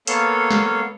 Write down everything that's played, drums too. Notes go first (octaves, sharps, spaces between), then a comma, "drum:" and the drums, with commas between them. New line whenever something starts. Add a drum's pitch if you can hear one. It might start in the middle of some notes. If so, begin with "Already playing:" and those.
A#3 B3 A4 C#5 F5, drum: hi-hat
drum: snare